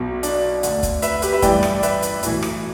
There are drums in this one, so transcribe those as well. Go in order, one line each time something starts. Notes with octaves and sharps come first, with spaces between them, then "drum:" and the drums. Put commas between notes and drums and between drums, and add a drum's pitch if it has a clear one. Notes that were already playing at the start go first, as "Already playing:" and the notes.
Already playing: B1 B2
D4, drum: hi-hat
D2 D3, drum: hi-hat
drum: kick, hi-hat
B4 E5, drum: hi-hat
G4 B4, drum: hi-hat
B4 E5
A1 G2 E3 D5 G5, drum: kick, hi-hat
drum: rim click
D5
B4 E5, drum: hi-hat
drum: hi-hat
B1 A2 E3, drum: hi-hat
drum: rim click